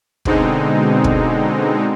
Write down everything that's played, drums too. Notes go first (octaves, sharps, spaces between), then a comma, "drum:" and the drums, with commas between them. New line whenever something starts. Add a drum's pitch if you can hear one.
B2 D3 G#3 C4 D#4, drum: kick
drum: kick